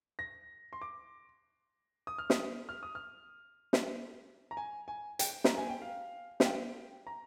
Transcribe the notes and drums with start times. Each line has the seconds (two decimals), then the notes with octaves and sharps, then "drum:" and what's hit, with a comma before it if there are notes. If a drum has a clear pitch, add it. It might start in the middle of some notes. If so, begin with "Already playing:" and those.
0.19 A#6
0.73 C6
0.82 D6
2.07 D#6
2.18 F6
2.30 D#6, drum: snare
2.69 F6
2.83 D#6
2.95 F6
3.73 drum: snare
4.51 A#5
4.57 G#5
4.88 G#5
5.19 G5, drum: hi-hat
5.44 A#5, drum: snare
5.57 G#5
5.69 G5
5.82 F5
6.40 F5, drum: snare
6.45 G5
7.07 A#5